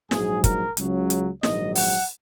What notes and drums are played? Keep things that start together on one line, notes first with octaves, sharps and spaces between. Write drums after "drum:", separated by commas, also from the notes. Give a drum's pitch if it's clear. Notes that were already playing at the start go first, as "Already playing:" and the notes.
A#1 G#2 F#3 G#4, drum: snare
A#4, drum: kick, hi-hat
C#2 C#3 F#3, drum: hi-hat
drum: hi-hat
A#1 G#2 D#3 F#3 D#5, drum: snare
F#5, drum: open hi-hat